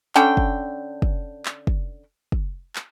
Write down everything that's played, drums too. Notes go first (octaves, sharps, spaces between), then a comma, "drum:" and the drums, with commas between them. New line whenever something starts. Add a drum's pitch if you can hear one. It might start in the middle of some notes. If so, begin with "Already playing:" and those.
D3 C#4 G5, drum: clap
drum: kick
drum: kick
drum: clap
drum: kick
drum: kick
drum: clap